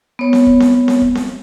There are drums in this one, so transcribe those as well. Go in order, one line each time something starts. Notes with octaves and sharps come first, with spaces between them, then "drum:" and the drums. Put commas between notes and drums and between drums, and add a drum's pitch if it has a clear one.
B3 C#5
drum: snare C4
drum: kick
drum: snare C4
drum: snare C4
drum: kick
drum: snare C4